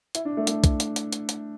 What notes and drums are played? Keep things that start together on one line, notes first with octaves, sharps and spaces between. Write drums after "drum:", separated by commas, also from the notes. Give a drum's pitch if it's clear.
E4, drum: hi-hat
D4
A3
A3, drum: hi-hat
drum: kick, hi-hat
drum: hi-hat
drum: hi-hat
drum: hi-hat
drum: hi-hat